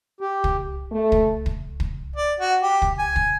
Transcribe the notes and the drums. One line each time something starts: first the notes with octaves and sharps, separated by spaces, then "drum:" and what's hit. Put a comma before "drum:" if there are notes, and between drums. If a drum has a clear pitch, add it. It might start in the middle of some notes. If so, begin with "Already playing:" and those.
G4
drum: kick
A3
drum: kick
drum: kick
drum: kick
D5
F#4
G4
drum: kick
G#5
drum: kick